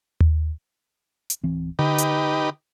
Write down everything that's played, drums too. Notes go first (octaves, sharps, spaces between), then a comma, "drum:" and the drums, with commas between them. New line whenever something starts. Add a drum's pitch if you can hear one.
drum: tom D#2
drum: hi-hat
D1 E3 C4
D3 D#4 G4 B4
drum: hi-hat